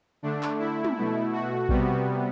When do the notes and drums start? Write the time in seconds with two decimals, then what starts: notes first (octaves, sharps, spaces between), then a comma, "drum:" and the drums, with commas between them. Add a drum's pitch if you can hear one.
0.22 D3 A3 D4
0.43 drum: clap
0.59 E4
0.85 drum: tom
0.96 B2 A3
1.32 F#4
1.69 C3 G3 B3, drum: kick A#1